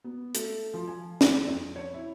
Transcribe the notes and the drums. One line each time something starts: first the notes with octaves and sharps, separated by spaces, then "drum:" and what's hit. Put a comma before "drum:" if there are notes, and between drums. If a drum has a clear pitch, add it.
B3
A3, drum: hi-hat
F3
G#5
D4, drum: snare
F2
C#5
E4